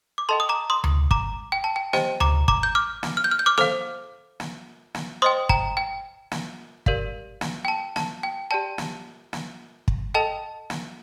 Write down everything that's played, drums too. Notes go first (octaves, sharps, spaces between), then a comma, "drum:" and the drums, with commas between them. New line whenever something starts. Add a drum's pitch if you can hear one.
D6
A4 D#5 G5 A5 C6
D#6
A#5 D6
C6 D#6
drum: tom D2
A#5 D6, drum: kick
G5
A5
G5
G4 C5 D#5 G5, drum: snare
A#5 D6, drum: tom D2
A#5 D6, drum: kick
G6
D6 F6
drum: snare
F6
G6
F6
G6
D6 F6
A4 C5 F5 D6 F6, drum: snare
drum: snare
drum: snare
C5 D#5 G5 C6 D#6
G5 A#5, drum: kick
G5
drum: snare
G4 A#4 D5 F5, drum: kick
drum: snare
G5
A5
A5, drum: snare
G5
G4 D5 G5 A5
drum: snare
drum: snare
drum: kick
A4 D#5 G5 A5
drum: snare